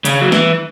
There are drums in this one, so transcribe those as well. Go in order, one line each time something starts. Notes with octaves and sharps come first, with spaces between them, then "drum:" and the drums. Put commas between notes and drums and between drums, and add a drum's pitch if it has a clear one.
C#3, drum: hi-hat
F#3
E3, drum: snare